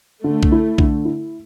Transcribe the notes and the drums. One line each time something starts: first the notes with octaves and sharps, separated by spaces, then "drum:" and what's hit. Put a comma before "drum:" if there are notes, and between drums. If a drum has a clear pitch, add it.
D3 A3
drum: kick B1
E4
D3, drum: kick B1
E4